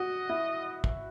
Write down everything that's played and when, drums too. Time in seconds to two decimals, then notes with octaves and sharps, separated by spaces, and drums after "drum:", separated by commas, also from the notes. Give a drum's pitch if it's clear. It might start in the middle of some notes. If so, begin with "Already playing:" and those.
Already playing: F#4 D#5
0.29 E4
0.84 drum: kick